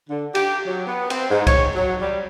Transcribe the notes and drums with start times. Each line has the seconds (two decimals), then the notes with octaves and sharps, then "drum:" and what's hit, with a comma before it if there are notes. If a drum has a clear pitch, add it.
0.10 D3
0.35 G4, drum: cymbal
0.67 F#3
0.87 B3
1.10 C4, drum: cymbal
1.30 G#2
1.47 C#5, drum: kick C2, cymbal
1.75 F#3
2.01 G3